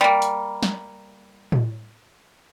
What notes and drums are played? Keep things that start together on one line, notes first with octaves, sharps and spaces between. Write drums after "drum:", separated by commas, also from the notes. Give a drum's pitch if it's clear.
G3 A#3
drum: hi-hat
drum: snare
drum: tom A2